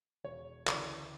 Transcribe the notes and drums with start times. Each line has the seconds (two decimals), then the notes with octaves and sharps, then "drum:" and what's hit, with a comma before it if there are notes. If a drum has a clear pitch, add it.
0.24 E1 C#5
0.67 D2 C#3 E3 D5, drum: clap